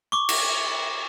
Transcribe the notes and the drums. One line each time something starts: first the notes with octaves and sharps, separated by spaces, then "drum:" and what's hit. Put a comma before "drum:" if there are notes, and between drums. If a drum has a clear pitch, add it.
C#6 D6
drum: cymbal